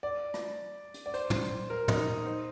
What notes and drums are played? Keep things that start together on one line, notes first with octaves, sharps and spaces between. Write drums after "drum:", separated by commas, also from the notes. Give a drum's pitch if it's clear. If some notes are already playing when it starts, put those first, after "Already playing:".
D5
drum: rim click
drum: hi-hat
D5
C5, drum: hi-hat
drum: tom
drum: hi-hat
A#4
D#4, drum: tom
D#4
C5